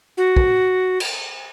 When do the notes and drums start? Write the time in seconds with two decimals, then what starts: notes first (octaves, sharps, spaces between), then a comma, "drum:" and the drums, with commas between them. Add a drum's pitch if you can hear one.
0.17 F#4
0.36 drum: kick
1.00 drum: cymbal